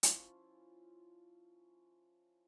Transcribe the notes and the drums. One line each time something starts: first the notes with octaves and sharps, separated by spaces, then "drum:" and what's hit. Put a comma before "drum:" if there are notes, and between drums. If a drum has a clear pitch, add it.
F3 C#4 E4 F4, drum: hi-hat